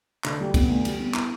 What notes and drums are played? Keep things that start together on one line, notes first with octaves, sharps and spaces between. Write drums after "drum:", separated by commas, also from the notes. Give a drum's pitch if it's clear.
D3, drum: clap
G3
B3, drum: kick C2, cymbal
D2
G3, drum: cymbal
B3
E4, drum: clap